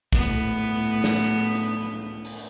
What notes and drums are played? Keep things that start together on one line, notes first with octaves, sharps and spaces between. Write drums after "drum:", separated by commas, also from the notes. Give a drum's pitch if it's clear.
A2 B3, drum: kick
drum: snare
drum: hi-hat
drum: open hi-hat